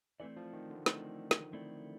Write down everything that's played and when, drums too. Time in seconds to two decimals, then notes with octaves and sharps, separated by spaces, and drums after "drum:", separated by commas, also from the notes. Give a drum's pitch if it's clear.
0.20 E3 A3 C4 E4 A4 D5
0.37 F3
0.53 D#3
0.70 D3
0.86 D#3 A3 C4 E4 A4 D5, drum: snare
1.31 drum: snare
1.53 A3 C4 E4 A4 D5